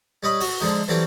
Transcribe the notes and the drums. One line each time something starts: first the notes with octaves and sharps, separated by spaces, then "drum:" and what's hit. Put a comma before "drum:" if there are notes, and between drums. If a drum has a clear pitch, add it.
G3 C#5 D#5 B5
F#4, drum: open hi-hat
D3 F3 G#3 D#4
E3 F#3 G3 C4 A4 C#5